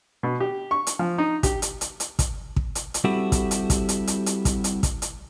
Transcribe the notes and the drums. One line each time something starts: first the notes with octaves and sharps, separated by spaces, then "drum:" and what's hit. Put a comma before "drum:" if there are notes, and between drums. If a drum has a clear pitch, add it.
B2
G4
C#6
drum: hi-hat
F3
D#4
G4, drum: kick, hi-hat
drum: hi-hat
drum: hi-hat
drum: hi-hat
drum: kick, hi-hat
drum: kick
drum: hi-hat
drum: hi-hat
G3 C4 E4 F#4 G4 A4
drum: kick, hi-hat
drum: hi-hat
drum: kick, hi-hat
drum: hi-hat
drum: hi-hat
drum: hi-hat
drum: kick, hi-hat
drum: hi-hat
drum: kick, hi-hat
drum: hi-hat